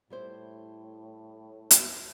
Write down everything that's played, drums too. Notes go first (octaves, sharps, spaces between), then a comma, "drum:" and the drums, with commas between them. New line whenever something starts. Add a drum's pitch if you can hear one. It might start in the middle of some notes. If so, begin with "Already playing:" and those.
A2 G3 E4 C5
drum: hi-hat